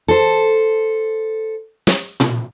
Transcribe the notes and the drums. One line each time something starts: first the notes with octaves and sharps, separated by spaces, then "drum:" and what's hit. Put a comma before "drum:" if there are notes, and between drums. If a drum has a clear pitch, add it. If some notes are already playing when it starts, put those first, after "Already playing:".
A4 C5
drum: snare
drum: tom A#2